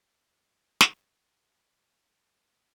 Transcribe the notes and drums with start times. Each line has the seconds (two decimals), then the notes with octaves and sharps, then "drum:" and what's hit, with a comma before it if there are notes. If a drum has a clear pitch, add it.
0.10 A4 B4 C5 D#5 E5 D6
0.81 drum: snare